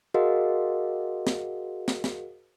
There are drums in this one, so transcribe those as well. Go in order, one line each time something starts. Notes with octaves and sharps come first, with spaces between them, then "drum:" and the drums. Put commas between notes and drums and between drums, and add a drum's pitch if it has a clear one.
F#4 G#4 A#4 D#5 F5 F#5
drum: snare
drum: snare
drum: snare